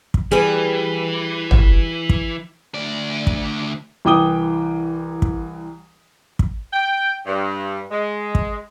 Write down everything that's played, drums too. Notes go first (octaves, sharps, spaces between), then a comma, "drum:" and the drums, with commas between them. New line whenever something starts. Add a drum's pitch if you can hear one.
drum: kick
E3 G3 G4 G#4 B4
drum: tom
drum: kick
D2 D5
drum: kick
C2 E3 G5 D6 D#6 G7
drum: kick
drum: kick
G5
G2
G#3
drum: kick